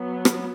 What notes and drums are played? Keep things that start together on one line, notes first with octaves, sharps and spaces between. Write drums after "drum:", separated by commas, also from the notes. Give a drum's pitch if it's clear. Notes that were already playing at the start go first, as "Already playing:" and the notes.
Already playing: F#3 B3
drum: rim click